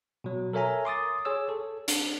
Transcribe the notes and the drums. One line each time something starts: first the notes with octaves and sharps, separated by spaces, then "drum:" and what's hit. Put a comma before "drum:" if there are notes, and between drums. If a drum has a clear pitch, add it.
B2 F#3
A4 A#4 C#5 E5 G#5 A#5
C6 D6 D#6 A6
G#4 C#5 E6
A4
D4, drum: hi-hat